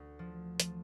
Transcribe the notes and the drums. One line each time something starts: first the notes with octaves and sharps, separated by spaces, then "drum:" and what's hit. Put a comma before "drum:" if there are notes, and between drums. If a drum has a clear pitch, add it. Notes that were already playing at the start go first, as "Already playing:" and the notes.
Already playing: D2
F3
F3, drum: hi-hat